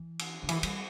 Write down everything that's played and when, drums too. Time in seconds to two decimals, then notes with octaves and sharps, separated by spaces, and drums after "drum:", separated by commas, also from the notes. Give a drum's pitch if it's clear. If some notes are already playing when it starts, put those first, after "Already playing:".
Already playing: E3
0.19 drum: cymbal
0.43 D3
0.49 E3, drum: cymbal
0.63 G3, drum: cymbal